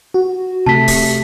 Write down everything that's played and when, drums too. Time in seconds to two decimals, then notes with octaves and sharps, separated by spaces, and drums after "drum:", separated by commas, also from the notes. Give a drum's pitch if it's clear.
0.14 F#4
0.66 C3 A3 A5 B6
0.88 drum: kick, open hi-hat